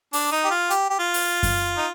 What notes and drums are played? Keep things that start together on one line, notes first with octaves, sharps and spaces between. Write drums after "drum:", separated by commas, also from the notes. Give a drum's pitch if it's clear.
D4, drum: open hi-hat
D#4
G4
F4
G4, drum: hi-hat
G4
F4
drum: open hi-hat
drum: kick F#2, open hi-hat
D#4